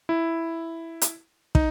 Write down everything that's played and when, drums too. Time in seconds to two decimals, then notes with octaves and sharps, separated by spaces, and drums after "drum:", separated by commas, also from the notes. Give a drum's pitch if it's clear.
0.09 E4
1.02 drum: hi-hat
1.55 D#4, drum: kick